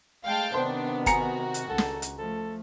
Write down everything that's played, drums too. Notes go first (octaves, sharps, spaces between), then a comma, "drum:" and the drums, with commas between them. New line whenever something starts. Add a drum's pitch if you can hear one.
G#3 A3 F5 G5 A5
C3 D#3 B3 D4 C5
F#4 G#5 A#5 C#7, drum: kick G1, hi-hat
drum: hi-hat
C#2 A4
drum: snare
drum: hi-hat
F3 A3 A4